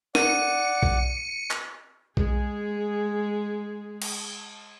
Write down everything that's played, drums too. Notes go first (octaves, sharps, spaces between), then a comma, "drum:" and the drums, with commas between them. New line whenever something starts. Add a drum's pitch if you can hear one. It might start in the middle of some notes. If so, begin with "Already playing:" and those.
D5 F#5 C#7 D#7, drum: snare
drum: kick B1
drum: clap
G#3 G#4, drum: kick B1
drum: cymbal